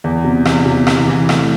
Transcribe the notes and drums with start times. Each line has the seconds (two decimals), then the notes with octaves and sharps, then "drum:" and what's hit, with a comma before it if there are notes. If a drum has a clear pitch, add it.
0.04 E2
0.24 C3
0.45 E2, drum: rim click
0.66 C3
0.87 E3, drum: rim click
1.08 E3
1.29 A3, drum: rim click